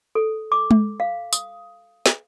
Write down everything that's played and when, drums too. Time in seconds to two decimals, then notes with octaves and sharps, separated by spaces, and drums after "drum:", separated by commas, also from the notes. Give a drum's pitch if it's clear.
0.15 A4
0.52 D6
0.71 drum: tom G#3
1.00 F5
1.33 D#6, drum: tambourine
2.06 drum: snare